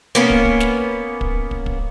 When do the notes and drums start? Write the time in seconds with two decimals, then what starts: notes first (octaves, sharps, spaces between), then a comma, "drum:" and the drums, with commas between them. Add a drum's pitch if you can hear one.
0.15 A#3 B3 C#4
0.30 drum: kick
0.45 drum: kick
0.60 drum: snare
1.21 drum: kick
1.51 drum: kick
1.66 drum: kick